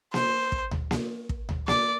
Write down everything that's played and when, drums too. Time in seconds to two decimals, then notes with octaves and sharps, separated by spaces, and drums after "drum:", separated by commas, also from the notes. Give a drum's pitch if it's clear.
0.14 C5, drum: snare A#3
0.52 drum: kick
0.71 drum: tom D2
0.91 drum: snare A#3
1.29 drum: kick
1.49 drum: tom D2
1.68 D5, drum: snare A#3